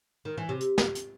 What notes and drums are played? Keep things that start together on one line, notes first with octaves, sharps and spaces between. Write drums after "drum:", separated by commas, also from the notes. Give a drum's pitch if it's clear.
D#3
E3
C3
drum: hi-hat
drum: snare
drum: hi-hat